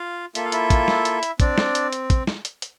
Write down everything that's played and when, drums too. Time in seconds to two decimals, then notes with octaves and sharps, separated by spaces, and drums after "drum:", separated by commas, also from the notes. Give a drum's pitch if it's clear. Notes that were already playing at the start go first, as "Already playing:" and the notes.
Already playing: F4 F5
0.35 A#3 F4 A4 E5, drum: hi-hat
0.45 F5
0.52 E4 E5, drum: hi-hat
0.70 drum: kick, hi-hat
0.88 drum: snare
1.05 drum: hi-hat
1.23 drum: hi-hat
1.40 C4 D4 D5, drum: kick, hi-hat
1.58 drum: snare
1.75 drum: hi-hat
1.93 drum: hi-hat
2.10 drum: kick, hi-hat
2.27 drum: snare
2.45 drum: hi-hat
2.62 drum: hi-hat